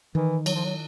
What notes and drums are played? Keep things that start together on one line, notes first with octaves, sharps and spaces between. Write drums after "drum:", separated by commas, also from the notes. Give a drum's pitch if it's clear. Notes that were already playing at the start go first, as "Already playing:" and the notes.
D#3 E3
F#3, drum: cymbal
F3
F#3